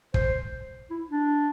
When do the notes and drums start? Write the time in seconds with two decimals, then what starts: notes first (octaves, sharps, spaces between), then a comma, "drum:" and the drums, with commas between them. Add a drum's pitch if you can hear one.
0.14 C5, drum: kick
0.91 E4
1.10 D4